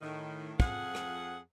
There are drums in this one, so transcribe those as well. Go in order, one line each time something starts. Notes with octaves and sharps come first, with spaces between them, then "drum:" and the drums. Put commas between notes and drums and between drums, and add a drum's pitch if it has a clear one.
A2 D#3
F2 F3 G#4 F#5, drum: kick
drum: rim click